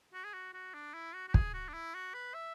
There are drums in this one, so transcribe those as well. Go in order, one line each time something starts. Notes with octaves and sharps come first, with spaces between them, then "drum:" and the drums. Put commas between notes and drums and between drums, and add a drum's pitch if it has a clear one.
F#4
G#4
F#4
F#4
D4
E4
F#4
F#4
G#4, drum: kick
F#4
D4
E4
F#4
B4
E5